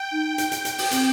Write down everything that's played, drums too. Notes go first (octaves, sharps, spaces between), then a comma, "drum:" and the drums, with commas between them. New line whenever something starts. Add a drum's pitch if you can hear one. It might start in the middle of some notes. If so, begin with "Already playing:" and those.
Already playing: G5
D#4
G5, drum: hi-hat
drum: hi-hat
drum: hi-hat
drum: open hi-hat
C4, drum: hi-hat